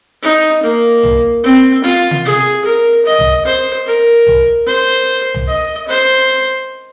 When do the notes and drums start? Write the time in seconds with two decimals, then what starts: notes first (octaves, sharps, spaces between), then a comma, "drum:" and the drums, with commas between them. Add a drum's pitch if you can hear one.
0.22 D#4
0.63 A#3
1.03 drum: tom C2
1.44 C4
1.84 F4
2.11 drum: tom C3
2.25 G#4
2.65 A#4
3.05 D#5
3.19 drum: tom C2
3.45 C5
3.86 A#4
4.27 drum: tom C2
4.67 C5
5.34 drum: tom C2
5.48 D#5
5.88 C5